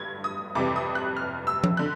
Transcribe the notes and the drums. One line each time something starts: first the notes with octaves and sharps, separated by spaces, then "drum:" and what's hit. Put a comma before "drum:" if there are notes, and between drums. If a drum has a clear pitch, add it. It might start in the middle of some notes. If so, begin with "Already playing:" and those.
Already playing: G2 D3 G3 G#6
D#6
F2 C3 E3 G3 D6
D#6
F#6
F6
E6
drum: tom F3
D3 F#6